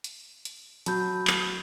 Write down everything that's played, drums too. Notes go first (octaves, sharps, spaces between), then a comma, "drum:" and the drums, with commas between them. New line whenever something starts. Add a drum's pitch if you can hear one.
drum: hi-hat
drum: hi-hat
F#3 A5 B5 G6, drum: hi-hat
drum: clap